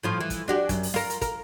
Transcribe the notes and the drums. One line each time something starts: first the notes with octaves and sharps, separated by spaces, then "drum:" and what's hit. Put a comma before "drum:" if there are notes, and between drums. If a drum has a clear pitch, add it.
A2 F3 F4
E3
drum: kick, hi-hat
D4 F#4 G4
F#2, drum: kick, hi-hat
drum: open hi-hat
F4 A#4, drum: snare
drum: hi-hat
A#4, drum: kick, hi-hat